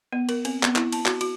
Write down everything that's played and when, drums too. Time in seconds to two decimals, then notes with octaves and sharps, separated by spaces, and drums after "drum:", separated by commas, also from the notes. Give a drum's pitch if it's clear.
0.13 B3
0.29 A#4, drum: cymbal
0.45 C4, drum: cymbal
0.63 B3, drum: clap
0.76 E4, drum: clap
0.92 A5, drum: cymbal
1.06 F#4, drum: clap
1.21 F#4, drum: cymbal